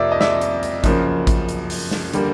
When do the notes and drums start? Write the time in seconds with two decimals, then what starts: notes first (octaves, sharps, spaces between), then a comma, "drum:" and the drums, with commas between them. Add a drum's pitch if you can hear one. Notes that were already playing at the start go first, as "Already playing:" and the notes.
Already playing: F2 C3 F3 A#3 D5 E5
0.12 D#5
0.21 D5 E5, drum: snare
0.41 drum: hi-hat
0.63 drum: hi-hat
0.84 F#2 C#3 F3 A#3, drum: kick A1, hi-hat
1.27 drum: kick A1, hi-hat
1.49 drum: hi-hat
1.70 drum: open hi-hat
1.91 drum: snare
2.13 D3 G3 A#3, drum: hi-hat